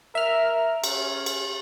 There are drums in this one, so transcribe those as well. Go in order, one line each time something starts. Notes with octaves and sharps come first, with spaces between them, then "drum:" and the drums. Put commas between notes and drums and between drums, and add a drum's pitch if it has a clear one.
A#4 E5 F6
C#4, drum: cymbal
drum: cymbal